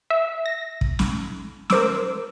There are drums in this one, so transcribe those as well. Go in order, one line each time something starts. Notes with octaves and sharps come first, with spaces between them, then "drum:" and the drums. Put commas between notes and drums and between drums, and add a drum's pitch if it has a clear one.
E5
A#6
drum: kick
drum: snare
A#4 C5 D6 E6, drum: snare